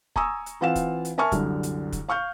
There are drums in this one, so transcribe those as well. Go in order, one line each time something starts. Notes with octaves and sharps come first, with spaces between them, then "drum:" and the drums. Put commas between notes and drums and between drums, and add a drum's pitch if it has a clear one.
G#5 A#5 C#6 D#6 E6, drum: kick
drum: hi-hat
E3 C4 F4 F5 F#5 E7
drum: kick, hi-hat
drum: hi-hat
A#4 E5 G#5 A5 C#6 F6
C2 F#2 D3, drum: kick, hi-hat
drum: hi-hat
drum: kick, hi-hat
F5 C#6 F6 G6